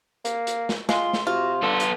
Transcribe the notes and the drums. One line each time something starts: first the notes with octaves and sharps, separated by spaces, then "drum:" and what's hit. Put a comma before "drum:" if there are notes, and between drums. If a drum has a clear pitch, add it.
A#3, drum: hi-hat
drum: hi-hat
drum: snare
G#3 F4 C6, drum: snare
drum: snare
C3 F4 F#4
D3 B3 A4 C6
drum: hi-hat